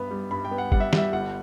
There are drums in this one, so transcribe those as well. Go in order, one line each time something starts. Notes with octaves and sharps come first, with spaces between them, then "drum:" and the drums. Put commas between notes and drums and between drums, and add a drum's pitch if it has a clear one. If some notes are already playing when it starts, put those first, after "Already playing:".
Already playing: G2 B3 B5
G3
G2 B5
G5
B3
F#5
G3 F#5, drum: kick G1
E5
G3 E5, drum: snare
G1 F#5